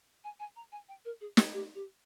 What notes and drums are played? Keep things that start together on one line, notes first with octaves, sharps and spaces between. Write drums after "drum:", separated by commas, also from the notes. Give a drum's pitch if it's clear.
G#5
G#5
A#5
G#5
G5
A#4
G#4
G4, drum: snare
G4
G4